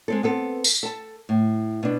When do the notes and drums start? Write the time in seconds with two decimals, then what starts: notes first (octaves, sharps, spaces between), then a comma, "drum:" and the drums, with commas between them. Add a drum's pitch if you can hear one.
0.08 G#3 C4 A4
0.23 B3 C4 A4
0.64 drum: tambourine
0.83 A4 A5
1.29 A2
1.83 B2 D4